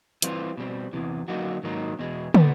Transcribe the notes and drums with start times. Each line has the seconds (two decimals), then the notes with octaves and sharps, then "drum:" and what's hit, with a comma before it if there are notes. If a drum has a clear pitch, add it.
0.22 E3 G3 C4 F4, drum: hi-hat
0.57 B2 G3 C4
0.93 E2 C3 E3
1.28 D3 F#3 A#3 D#4 F#4
1.63 G#2 D#3 F#3 A#3 D#4
1.99 E2 B2 G#3
2.34 A#2 G3 B3, drum: tom